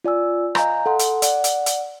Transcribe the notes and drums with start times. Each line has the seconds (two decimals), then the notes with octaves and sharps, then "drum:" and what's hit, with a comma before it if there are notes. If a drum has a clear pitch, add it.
0.04 F4 D5 G#5 E6
0.55 D#5 F5 G#5 A#5 G6, drum: rim click
0.86 A4 F#5 C6
0.99 drum: hi-hat
1.22 D5 F#5, drum: hi-hat
1.44 drum: hi-hat
1.66 drum: hi-hat